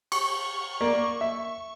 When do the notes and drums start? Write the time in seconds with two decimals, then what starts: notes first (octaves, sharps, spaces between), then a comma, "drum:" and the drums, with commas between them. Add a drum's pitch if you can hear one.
0.12 C#6, drum: cymbal
0.81 A#3 D5
1.21 E5